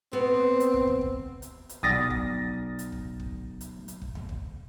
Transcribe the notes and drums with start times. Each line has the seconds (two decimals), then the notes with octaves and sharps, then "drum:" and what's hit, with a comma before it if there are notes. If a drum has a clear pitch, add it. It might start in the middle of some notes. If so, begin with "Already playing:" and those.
0.13 B3 C4
0.60 drum: hi-hat
0.74 drum: kick
0.87 drum: tom D#2
1.01 drum: kick
1.42 drum: hi-hat
1.69 drum: hi-hat
1.83 B1 D5 D#6 A6 A#6, drum: kick
2.10 drum: kick
2.79 drum: hi-hat
2.92 drum: kick
3.20 drum: kick
3.61 drum: hi-hat
3.88 drum: hi-hat
4.02 drum: kick
4.15 drum: tom D#2
4.29 drum: kick